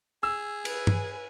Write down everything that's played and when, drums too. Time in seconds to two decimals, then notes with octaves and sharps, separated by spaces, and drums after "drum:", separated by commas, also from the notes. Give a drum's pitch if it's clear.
0.23 G#4 E6
0.65 B4 G#5, drum: cymbal
0.87 drum: tom G2